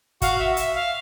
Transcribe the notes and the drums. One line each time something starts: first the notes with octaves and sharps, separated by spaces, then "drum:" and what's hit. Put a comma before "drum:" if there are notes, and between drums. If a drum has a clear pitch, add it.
F#4 F5, drum: kick, hi-hat
E5
E5, drum: hi-hat
F5